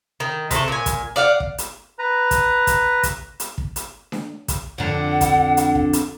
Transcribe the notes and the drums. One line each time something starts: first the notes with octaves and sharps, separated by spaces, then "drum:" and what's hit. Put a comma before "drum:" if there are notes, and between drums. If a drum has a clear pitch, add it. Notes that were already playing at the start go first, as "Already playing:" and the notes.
D#3
C3 A3, drum: kick, hi-hat
A#2 G#5
drum: kick, hi-hat
D5 F5 F#5
drum: kick
drum: hi-hat
B4 A#5
drum: kick, hi-hat
drum: kick, hi-hat
drum: kick, hi-hat
drum: hi-hat
drum: kick
drum: hi-hat
drum: snare D4
drum: kick, hi-hat
F2 D3 F#5
drum: kick, hi-hat
drum: hi-hat
drum: kick
drum: hi-hat